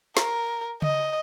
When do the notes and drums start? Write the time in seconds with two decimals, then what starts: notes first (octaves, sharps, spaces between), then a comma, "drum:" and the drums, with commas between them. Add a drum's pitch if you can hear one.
0.17 A#4, drum: snare
0.82 D#5, drum: tom C#3